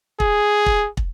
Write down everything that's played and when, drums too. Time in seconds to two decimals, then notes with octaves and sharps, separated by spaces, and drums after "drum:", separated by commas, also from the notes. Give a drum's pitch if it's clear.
0.20 G#4, drum: kick
0.66 drum: kick
0.97 drum: kick